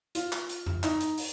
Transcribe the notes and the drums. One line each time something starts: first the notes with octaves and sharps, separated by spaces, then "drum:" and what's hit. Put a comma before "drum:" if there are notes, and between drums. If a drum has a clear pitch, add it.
F4, drum: hi-hat
drum: clap
drum: hi-hat
drum: tom F2
D#4, drum: clap
drum: hi-hat
drum: open hi-hat